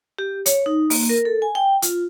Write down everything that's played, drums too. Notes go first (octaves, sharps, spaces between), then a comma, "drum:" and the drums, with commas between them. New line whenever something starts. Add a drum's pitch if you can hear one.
G4
C#5, drum: hi-hat
D#4
A#3, drum: open hi-hat
A#4
A4
G#5
G5
F4, drum: hi-hat